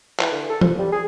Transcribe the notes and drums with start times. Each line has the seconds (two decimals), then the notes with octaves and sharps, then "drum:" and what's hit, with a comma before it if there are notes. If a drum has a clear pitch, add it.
0.19 E3, drum: clap
0.32 D3
0.49 A4
0.61 F3, drum: tom E3
0.78 G3
0.92 G#4